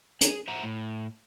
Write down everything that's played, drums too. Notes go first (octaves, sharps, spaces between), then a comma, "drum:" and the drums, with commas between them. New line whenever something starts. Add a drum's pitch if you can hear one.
G#4, drum: hi-hat
C5 E5 F#5 A#5
A2